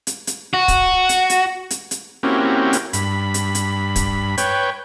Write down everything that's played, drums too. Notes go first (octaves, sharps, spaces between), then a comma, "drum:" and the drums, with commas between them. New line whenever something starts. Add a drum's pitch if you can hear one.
drum: hi-hat
drum: hi-hat
F#4
drum: kick, hi-hat
drum: hi-hat
drum: hi-hat
drum: hi-hat
drum: hi-hat
A#3 C4 C#4 E4 F#4 G4
drum: hi-hat
G2 B5, drum: hi-hat
drum: hi-hat
drum: hi-hat
drum: kick, hi-hat
B4 C#5 G5, drum: hi-hat